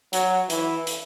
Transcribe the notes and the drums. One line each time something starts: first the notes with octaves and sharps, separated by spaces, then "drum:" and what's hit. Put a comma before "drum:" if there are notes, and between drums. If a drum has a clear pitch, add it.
F#3, drum: hi-hat
E3, drum: hi-hat
drum: hi-hat